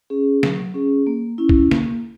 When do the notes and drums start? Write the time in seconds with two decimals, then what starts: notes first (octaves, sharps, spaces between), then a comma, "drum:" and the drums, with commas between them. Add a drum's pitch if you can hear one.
0.10 C#4 G#4
0.43 F#3, drum: snare
0.74 C#4 G#4
1.07 A#3
1.38 C#4 E4
1.49 drum: kick
1.71 A#3, drum: snare